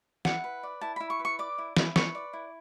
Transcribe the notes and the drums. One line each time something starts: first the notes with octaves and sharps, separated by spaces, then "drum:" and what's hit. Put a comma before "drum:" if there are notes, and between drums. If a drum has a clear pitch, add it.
E4 F#5, drum: snare
B4
D5
E4 A5
E4 B5
C#6
B4
C#6
D5 D6
E4
E4, drum: snare
B4 C#6, drum: snare
D5
E4